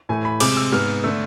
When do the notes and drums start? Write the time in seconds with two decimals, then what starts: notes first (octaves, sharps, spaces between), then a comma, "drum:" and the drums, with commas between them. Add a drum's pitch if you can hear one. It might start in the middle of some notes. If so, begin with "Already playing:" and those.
0.09 A2 E3 A3 G#5
0.25 B5
0.40 C3 G#3 C4 D6, drum: cymbal
0.57 E6
0.72 G#2 G#3 B3 F6
1.04 D3 A3 E6